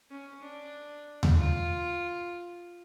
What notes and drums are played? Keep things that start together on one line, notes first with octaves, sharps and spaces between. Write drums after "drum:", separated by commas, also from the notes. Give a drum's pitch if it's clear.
C#4
D4
drum: tom D#2
F4